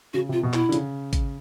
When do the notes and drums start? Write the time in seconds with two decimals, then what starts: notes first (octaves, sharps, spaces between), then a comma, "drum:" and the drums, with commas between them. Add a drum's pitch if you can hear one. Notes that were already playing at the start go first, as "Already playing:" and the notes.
0.14 C#3 F#4
0.29 C3 F4
0.43 B2
0.53 E4, drum: clap
0.69 D3
0.72 C#3, drum: hi-hat
1.13 drum: kick, hi-hat